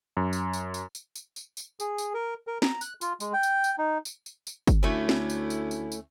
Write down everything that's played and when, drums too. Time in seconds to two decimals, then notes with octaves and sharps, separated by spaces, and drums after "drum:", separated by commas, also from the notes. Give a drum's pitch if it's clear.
0.17 F#2
0.33 drum: tambourine
0.53 drum: tambourine
0.74 drum: tambourine
0.95 drum: tambourine
1.15 drum: tambourine
1.36 drum: tambourine
1.57 drum: tambourine
1.80 G#4, drum: tambourine
1.98 drum: tambourine
2.14 A#4
2.47 A#4
2.62 A#5, drum: snare
2.81 F#6, drum: tambourine
3.01 F4, drum: tambourine
3.20 G#3, drum: tambourine
3.33 G5
3.43 drum: tambourine
3.64 drum: tambourine
3.78 D#4
4.05 drum: tambourine
4.26 drum: tambourine
4.47 drum: tambourine
4.67 drum: kick, tambourine
4.83 D2 A3 C#4 E4
5.09 drum: snare
5.30 drum: tambourine
5.50 drum: tambourine
5.71 drum: tambourine
5.92 drum: tambourine